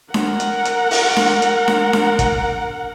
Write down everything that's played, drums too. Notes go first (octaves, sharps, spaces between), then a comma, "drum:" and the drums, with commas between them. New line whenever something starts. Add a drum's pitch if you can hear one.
A#4 F#5, drum: snare D4
drum: hi-hat
drum: hi-hat
drum: open hi-hat
drum: snare D4
drum: hi-hat
drum: snare D4
drum: snare D4
drum: kick, hi-hat